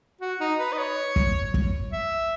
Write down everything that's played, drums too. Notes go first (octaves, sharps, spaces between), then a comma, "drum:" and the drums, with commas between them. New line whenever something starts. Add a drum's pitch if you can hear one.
F#4
D#4
B4
D#5
C#5
drum: kick
drum: kick
E5